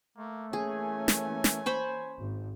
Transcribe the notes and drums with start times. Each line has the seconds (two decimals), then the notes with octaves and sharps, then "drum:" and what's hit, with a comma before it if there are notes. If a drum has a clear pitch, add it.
0.18 A3 A#3
0.53 E3 A#3 C#4 G#4 G#5
1.08 drum: snare
1.44 drum: snare
1.66 C5 B5 C#6
2.18 G#1